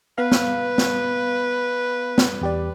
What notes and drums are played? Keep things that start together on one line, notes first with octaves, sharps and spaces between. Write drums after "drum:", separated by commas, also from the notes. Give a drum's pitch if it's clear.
B3 B4 F5
drum: snare
drum: snare
drum: snare
E2 G4 D5